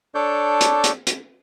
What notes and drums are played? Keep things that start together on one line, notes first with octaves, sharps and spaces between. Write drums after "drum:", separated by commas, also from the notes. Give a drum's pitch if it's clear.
D4 A4 C#5 D5 G6
drum: hi-hat
drum: hi-hat
drum: hi-hat